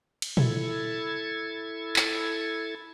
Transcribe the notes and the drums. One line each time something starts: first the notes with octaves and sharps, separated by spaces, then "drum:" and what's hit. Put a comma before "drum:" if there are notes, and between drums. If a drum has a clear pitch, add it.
drum: cymbal
E4 A4 G#6 A6, drum: tom A#2
drum: clap